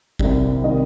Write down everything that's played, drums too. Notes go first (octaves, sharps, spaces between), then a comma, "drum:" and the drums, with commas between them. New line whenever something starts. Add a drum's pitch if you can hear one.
C2 C3 G3, drum: kick G1
C3 D#3 G3 D#5